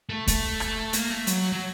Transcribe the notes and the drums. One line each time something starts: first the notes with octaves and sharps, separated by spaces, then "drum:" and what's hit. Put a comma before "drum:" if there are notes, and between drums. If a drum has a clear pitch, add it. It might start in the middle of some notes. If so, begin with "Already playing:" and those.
A3
A3, drum: kick, hi-hat
drum: rim click
A#3, drum: hi-hat
A3
F#3, drum: hi-hat
F#3